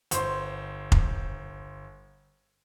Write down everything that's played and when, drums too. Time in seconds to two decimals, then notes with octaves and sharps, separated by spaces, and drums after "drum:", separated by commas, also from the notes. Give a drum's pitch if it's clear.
0.11 G1 C5 C6, drum: hi-hat
0.92 drum: kick F1